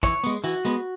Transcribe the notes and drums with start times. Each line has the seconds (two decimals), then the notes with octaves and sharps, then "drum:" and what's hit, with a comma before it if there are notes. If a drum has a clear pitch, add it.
0.03 E3 C#5, drum: kick, tambourine
0.24 G#3 B3, drum: tambourine
0.44 E3 F#4, drum: tambourine
0.65 G#3 B3, drum: tambourine